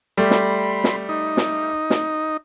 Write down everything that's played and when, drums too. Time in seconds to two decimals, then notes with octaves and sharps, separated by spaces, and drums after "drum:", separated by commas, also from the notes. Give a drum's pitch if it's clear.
0.18 G3 A3 B5 C6
0.31 drum: snare
0.84 drum: snare
1.09 D#4
1.37 drum: snare
1.90 drum: snare